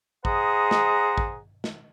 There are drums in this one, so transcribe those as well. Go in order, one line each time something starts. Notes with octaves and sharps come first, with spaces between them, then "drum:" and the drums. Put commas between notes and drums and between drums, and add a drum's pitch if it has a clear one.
G#4 C5 D#5 F#5 A#5, drum: kick A1
drum: snare
drum: kick A1
drum: snare